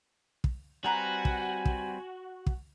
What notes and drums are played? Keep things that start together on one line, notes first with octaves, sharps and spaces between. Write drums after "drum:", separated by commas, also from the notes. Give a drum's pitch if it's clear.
drum: kick
G3 C4 F#4 B4 F#5 G#5 A#5
drum: kick
drum: kick
drum: kick